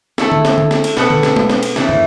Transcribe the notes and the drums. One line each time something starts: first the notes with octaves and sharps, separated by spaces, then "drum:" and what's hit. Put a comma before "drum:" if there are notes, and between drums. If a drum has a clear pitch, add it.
A3 E4 A4, drum: snare
drum: tom D3
drum: snare
drum: tom D3
drum: snare
drum: cymbal
B2 B3 A4, drum: snare
drum: tom D3
drum: snare
drum: tom G#3
drum: snare
drum: cymbal
C#3 E3 A3 E4, drum: snare
drum: tom